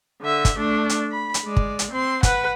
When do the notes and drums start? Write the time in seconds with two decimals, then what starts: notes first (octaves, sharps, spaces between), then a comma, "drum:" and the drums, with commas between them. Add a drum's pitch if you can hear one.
0.21 D3 E5
0.45 drum: kick, hi-hat
0.57 A3 D4
0.89 drum: hi-hat
1.12 B5
1.34 drum: hi-hat
1.44 G#3 D5
1.57 drum: kick
1.79 drum: hi-hat
1.92 C4 C6
2.23 B4 F#5, drum: kick, hi-hat